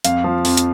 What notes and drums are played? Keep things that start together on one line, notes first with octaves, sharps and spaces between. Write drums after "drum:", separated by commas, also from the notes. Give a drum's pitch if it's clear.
F2 F5, drum: hi-hat
F3
F2, drum: open hi-hat
drum: hi-hat